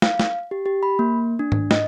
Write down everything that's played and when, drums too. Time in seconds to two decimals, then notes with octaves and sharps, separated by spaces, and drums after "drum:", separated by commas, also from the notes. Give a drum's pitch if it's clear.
0.02 F5, drum: snare
0.19 drum: snare
0.51 G4
0.66 G4
0.83 B5
0.99 A#3
1.39 D4
1.52 drum: tom G#2
1.71 D#5, drum: snare